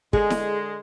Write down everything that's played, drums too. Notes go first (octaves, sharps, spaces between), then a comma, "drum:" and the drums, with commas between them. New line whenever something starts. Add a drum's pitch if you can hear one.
D3 G#3 G#4, drum: kick
drum: snare E4